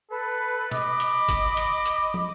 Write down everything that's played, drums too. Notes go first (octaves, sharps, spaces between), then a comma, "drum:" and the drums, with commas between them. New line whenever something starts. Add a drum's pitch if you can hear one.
A4 B4
D#5 B5 D6, drum: snare B2
drum: hi-hat
drum: kick G1, hi-hat
drum: hi-hat
drum: hi-hat
drum: tom